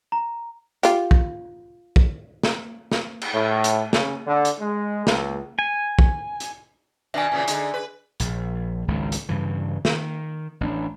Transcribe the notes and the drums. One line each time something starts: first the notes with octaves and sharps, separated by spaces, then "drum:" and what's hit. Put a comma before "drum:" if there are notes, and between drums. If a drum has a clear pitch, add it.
A#5
F4 G4, drum: hi-hat
drum: kick
drum: kick
drum: snare
drum: snare
drum: cymbal
A2
drum: hi-hat
C#3, drum: snare
D3
drum: hi-hat
G#3
C#2, drum: snare
G#5
drum: kick
drum: hi-hat
B2 D#3 D4 E5 G#5
A#2 C#3 E3
D3 G#3 D#4, drum: hi-hat
B4
A#1, drum: hi-hat
G#1 C#2 D#3
drum: hi-hat
G2 C#3 E3
D#3, drum: snare
A1 D4